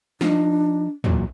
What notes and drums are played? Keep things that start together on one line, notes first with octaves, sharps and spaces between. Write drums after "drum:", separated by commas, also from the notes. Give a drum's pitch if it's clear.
F3 D4 D#4, drum: snare
E2 A#2 F#3, drum: tom